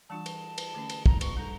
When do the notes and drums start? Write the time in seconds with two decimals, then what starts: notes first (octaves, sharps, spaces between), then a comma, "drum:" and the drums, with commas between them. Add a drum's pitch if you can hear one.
0.09 E3 G3 D4 F4 A5
0.26 drum: cymbal
0.58 drum: cymbal
0.74 D3 A3 C#4
0.90 drum: cymbal
1.06 A#5, drum: kick
1.21 C#6, drum: cymbal
1.37 G3 D4 A4 A#5